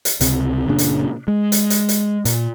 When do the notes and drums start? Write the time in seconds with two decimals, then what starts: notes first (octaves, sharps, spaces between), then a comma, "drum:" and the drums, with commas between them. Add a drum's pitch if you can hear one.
0.05 drum: hi-hat
0.21 C#2 C3, drum: hi-hat
0.68 F#1 A#2 C#3 D4
0.78 drum: hi-hat
1.28 G#3
1.52 drum: hi-hat
1.70 drum: hi-hat
1.89 drum: hi-hat
2.25 A#2, drum: hi-hat